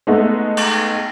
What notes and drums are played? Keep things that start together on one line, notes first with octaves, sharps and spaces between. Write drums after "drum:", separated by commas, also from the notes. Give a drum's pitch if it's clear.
G#3 A3 B3 D#4
drum: cymbal